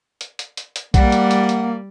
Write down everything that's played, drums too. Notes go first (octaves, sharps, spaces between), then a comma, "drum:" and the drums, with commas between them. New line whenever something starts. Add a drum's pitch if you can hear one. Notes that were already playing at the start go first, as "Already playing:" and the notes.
drum: hi-hat
drum: hi-hat
drum: hi-hat
drum: hi-hat
G3 A#3 D5 F#5, drum: kick A#1, hi-hat
drum: hi-hat
drum: hi-hat
drum: hi-hat